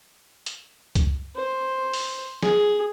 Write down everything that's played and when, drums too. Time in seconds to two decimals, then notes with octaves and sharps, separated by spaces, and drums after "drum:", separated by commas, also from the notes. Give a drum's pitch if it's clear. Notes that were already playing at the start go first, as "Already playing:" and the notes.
0.46 drum: hi-hat
0.95 drum: kick C#2, hi-hat
1.36 C5
1.93 drum: open hi-hat
2.43 G#4, drum: snare